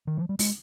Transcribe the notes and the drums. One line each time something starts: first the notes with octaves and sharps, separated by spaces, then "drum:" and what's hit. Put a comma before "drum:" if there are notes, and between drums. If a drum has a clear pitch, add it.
D#3
F3
G3
G#3, drum: open hi-hat